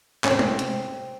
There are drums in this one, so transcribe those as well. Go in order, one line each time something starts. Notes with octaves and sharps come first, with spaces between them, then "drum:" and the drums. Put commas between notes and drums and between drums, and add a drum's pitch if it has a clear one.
C#4, drum: clap
C3 C4
drum: tom G#3
drum: hi-hat